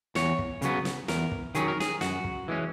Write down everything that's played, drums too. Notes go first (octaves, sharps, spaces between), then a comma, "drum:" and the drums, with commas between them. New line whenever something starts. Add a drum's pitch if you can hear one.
E2 C#5, drum: snare
drum: kick
C#3 F#3 B3, drum: hi-hat
drum: snare
E2 A#4, drum: snare
drum: kick
D#3 F#3 C#4 G#4, drum: hi-hat
A#4
G#4, drum: snare
F#2 F#4, drum: snare
drum: kick
E3 G#3 C#4